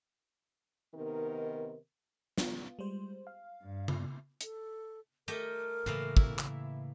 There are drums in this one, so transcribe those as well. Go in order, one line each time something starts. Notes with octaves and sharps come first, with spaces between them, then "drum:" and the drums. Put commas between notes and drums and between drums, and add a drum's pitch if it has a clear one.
C3 D#3 B3 D#4 A#4
B3 F4, drum: snare
G3 G#3 C5
F5
G2
drum: tom C#3
A4, drum: hi-hat
A3 G4 A#4 D#5
A2 C#3 E3 A#3
E4, drum: kick
drum: clap